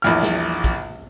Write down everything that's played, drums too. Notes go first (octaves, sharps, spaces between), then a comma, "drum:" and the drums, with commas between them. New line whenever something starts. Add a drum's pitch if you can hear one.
A#1 E2 F6
drum: snare
drum: kick, tambourine